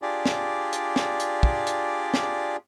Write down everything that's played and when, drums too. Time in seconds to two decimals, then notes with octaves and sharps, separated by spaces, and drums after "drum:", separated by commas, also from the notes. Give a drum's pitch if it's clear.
0.02 D4 F4 G4 G#4 D5
0.26 drum: snare
0.73 drum: hi-hat
0.96 drum: snare
1.20 drum: hi-hat
1.43 drum: kick
1.67 drum: hi-hat
2.14 drum: snare